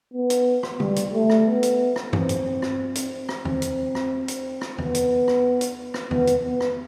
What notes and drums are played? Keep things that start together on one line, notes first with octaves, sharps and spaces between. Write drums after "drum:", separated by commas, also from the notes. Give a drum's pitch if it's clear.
B3
drum: hi-hat
drum: rim click
G3, drum: tom
drum: hi-hat
A3
drum: rim click
B3
drum: hi-hat
drum: rim click
C4, drum: tom
drum: hi-hat
drum: rim click
drum: hi-hat
drum: rim click
C4, drum: tom E2
drum: hi-hat
drum: rim click
drum: hi-hat
drum: rim click
B3, drum: tom E2
drum: hi-hat
drum: rim click
drum: hi-hat
drum: rim click
B3, drum: tom E2
drum: hi-hat
B3
drum: rim click